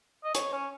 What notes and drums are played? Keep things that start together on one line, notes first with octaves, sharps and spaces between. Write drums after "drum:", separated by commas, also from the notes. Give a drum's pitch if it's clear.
D#5
C#5, drum: hi-hat
C#4